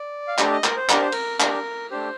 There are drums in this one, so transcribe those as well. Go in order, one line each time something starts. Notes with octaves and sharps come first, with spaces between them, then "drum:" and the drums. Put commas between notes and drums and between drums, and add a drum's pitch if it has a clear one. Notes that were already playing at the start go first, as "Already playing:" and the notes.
Already playing: D5
F5
A3 D4 G4 D#5, drum: clap
D#5
A#4, drum: clap
C5
D4 G4 A#4, drum: clap
C5
A#4, drum: cymbal
D4 G4 A#4, drum: clap
A3 D4 G4 C5